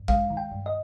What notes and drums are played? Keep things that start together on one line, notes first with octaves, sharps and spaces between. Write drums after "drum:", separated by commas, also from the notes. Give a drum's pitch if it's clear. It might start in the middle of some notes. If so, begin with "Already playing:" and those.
Already playing: G2
G#3 F5, drum: kick A1
D#3
G5
G2
D#5